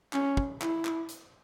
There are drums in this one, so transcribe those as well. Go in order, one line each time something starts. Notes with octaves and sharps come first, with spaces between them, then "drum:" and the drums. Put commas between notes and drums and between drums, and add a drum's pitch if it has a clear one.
C#4, drum: clap
drum: kick
E4, drum: clap
drum: clap
drum: hi-hat